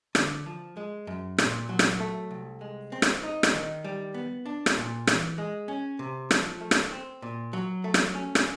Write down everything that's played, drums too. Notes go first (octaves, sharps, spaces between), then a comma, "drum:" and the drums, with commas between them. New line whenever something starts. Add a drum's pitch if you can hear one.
D3, drum: rim click
F3
G#3
F#2
A#2, drum: rim click
F#3
drum: rim click
A3
C2
G#3
C4
drum: rim click
D#4
drum: rim click
D#3
G3
B3
D4
drum: rim click
A#2
E3, drum: rim click
G#3
C#4
C3
F3, drum: rim click
A3
drum: rim click
C4
A#2
F#3
A3
drum: rim click
C#4
drum: rim click